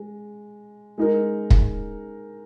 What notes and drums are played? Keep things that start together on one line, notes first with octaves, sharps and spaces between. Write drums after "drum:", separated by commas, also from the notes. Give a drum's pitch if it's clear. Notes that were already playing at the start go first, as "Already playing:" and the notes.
Already playing: G#3
G#3 D#4 A#4
drum: kick